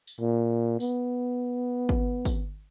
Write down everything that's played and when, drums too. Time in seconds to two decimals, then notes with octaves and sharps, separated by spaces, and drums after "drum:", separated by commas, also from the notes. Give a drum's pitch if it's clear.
0.07 drum: tambourine
0.20 A#2
0.80 B3, drum: tambourine
1.89 drum: kick
2.25 drum: kick, tambourine